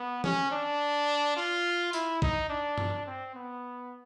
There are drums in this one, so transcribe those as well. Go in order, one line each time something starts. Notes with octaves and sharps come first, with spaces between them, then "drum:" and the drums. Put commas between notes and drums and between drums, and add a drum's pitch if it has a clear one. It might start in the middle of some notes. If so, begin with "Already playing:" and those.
Already playing: B3
C#4, drum: tom E3
D4
F4
E4, drum: tambourine
D#4, drum: kick
D4
drum: tom G2
C4
B3